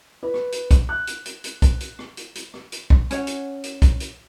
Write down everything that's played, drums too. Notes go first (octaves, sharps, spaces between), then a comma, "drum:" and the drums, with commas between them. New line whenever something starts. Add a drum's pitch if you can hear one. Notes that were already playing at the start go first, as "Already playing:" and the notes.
B4
drum: rim click
drum: hi-hat
drum: kick, hi-hat
F#6
drum: hi-hat
drum: hi-hat
drum: hi-hat
drum: kick, hi-hat
drum: hi-hat
drum: rim click
drum: hi-hat
drum: hi-hat
drum: rim click
drum: hi-hat
drum: kick
C#4 C#5 F#5, drum: hi-hat
drum: hi-hat
drum: hi-hat
drum: kick, hi-hat
drum: hi-hat